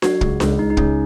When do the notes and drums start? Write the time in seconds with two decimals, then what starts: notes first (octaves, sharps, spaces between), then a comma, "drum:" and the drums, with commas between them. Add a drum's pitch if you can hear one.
0.02 F#3 F#4, drum: snare D4
0.21 C#2, drum: kick
0.40 C#2, drum: snare D4
0.58 C#2 D#4
0.70 D#4
0.77 C#2 C#4, drum: kick